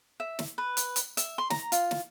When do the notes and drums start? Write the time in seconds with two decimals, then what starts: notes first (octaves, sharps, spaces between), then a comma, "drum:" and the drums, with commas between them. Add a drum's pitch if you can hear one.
0.20 E5
0.39 drum: snare
0.58 B4
0.77 drum: hi-hat
0.96 drum: hi-hat
1.17 E5, drum: hi-hat
1.38 C6
1.50 A#5, drum: snare
1.72 F4, drum: hi-hat
1.91 drum: snare